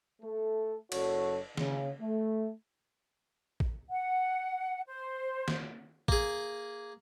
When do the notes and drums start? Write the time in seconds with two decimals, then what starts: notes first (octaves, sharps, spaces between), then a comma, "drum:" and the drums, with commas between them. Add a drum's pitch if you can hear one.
0.22 A3 A4
0.92 F#1 F#2 F#4 A4 C#5, drum: cymbal
1.57 C#3, drum: snare
2.00 A3
3.60 drum: kick
3.90 F#5
4.87 C5
5.48 drum: snare
6.08 A#3 G#4, drum: kick